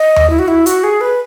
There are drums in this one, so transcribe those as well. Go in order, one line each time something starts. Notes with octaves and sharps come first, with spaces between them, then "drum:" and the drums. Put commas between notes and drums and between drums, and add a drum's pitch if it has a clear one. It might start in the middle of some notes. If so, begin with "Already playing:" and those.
Already playing: D#5
drum: tom D#2
E4
F#4
E4
F#4, drum: hi-hat
G#4
B4